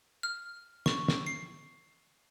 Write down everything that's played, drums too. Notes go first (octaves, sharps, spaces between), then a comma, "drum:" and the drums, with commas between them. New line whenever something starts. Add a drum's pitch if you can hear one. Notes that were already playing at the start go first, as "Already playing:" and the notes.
F6
C#6, drum: snare
drum: snare
C7